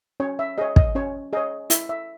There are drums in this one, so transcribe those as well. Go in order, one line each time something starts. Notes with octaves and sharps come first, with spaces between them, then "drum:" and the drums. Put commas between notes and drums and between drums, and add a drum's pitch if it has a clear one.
C#4 C#5
E5
G#4 C#5 D#5
D#5, drum: kick
C#4 C#5
G#4 C#5 D#5
E4 E5, drum: hi-hat
E5